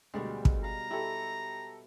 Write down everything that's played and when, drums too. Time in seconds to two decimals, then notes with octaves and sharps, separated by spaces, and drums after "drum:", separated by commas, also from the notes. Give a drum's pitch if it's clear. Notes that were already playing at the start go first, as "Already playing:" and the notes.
0.14 D2 B2 G3 G#3
0.45 drum: kick
0.64 F5 A#5
0.91 E4 G4 A4 C#5